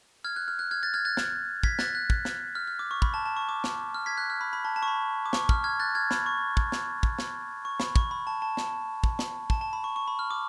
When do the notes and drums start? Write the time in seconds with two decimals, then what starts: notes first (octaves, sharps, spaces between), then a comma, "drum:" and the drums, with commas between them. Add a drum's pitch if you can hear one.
0.24 F6 G#6
0.36 F#6
0.48 F6
0.59 F#6
0.71 F6 G#6
0.83 F#6 A6
0.94 F6 G#6
1.05 F#6 A6
1.17 drum: snare
1.63 G#6 B6, drum: kick
1.79 F#6 A6, drum: snare
1.95 F#6
2.10 drum: kick
2.25 drum: snare
2.55 F6
2.67 F6
2.79 D6
2.91 C#6
3.02 B5, drum: kick
3.14 A5
3.26 A5
3.37 C#6
3.49 D6
3.64 drum: snare
3.94 F6
4.06 G#6 B6
4.18 F#6
4.30 F6
4.41 B5
4.53 B5
4.65 A5
4.76 A5
4.83 C#6
4.88 B5
5.26 D6
5.33 C#6, drum: snare
5.49 F6, drum: kick
5.64 F6 G#6
5.79 F#6 A6
5.95 F6 G#6
6.11 B5, drum: snare
6.26 C#6
6.57 drum: kick
6.72 drum: snare
7.03 drum: kick
7.19 drum: snare
7.65 C#6
7.80 B5, drum: snare
7.96 C#6, drum: kick
8.11 B5
8.27 A5
8.42 A5
8.57 drum: snare
9.04 drum: kick
9.19 drum: snare
9.50 A5, drum: kick
9.61 A5
9.73 B5
9.84 C#6
9.96 C#6
10.08 B5
10.19 F6
10.31 D6